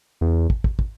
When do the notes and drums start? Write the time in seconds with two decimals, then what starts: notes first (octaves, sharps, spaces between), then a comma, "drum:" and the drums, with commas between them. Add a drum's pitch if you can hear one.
0.21 E2
0.50 drum: kick
0.64 drum: kick
0.79 drum: kick